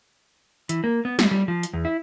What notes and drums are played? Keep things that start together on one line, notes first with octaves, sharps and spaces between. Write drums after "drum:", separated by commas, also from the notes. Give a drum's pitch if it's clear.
E3, drum: hi-hat
A#3
B3
G3, drum: snare
G3
F3
drum: hi-hat
E2
E4